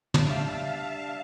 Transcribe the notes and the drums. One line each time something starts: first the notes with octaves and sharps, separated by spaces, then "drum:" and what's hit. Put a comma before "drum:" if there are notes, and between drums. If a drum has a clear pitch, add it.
G3 D4 E5 F5 A5, drum: tom